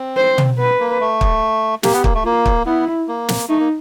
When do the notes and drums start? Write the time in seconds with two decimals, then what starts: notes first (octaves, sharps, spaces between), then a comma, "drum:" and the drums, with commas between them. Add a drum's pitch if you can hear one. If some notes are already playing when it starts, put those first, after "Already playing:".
Already playing: C4
0.17 C5
0.38 drum: tom
0.58 B3 B4
0.79 A#3
1.00 A3
1.21 drum: kick
1.83 A#3 G4, drum: snare
1.93 B3
2.04 A#3, drum: kick
2.14 A3
2.25 A#3 F4
2.45 drum: kick
2.66 B3 E4
3.08 A#3
3.29 drum: snare
3.49 A3 D#4
3.59 A#3